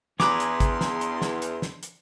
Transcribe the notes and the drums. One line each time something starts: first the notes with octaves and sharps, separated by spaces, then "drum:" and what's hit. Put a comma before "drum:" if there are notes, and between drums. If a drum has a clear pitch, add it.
E2 D4 G#4 B4 A#5 C6 D6, drum: snare
drum: hi-hat
drum: kick, hi-hat
drum: snare
drum: hi-hat
drum: snare
drum: hi-hat
drum: snare
drum: hi-hat